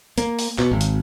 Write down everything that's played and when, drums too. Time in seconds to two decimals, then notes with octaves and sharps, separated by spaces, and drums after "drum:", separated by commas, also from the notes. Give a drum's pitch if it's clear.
0.18 A#3, drum: hi-hat
0.39 drum: open hi-hat
0.58 B2, drum: clap
0.71 G#1
0.81 drum: hi-hat